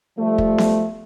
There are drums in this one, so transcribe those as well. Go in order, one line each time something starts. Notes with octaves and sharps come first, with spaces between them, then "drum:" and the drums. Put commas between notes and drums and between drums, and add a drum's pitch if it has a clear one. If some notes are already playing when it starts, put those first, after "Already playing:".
F3 G3 A3
drum: kick
drum: snare B3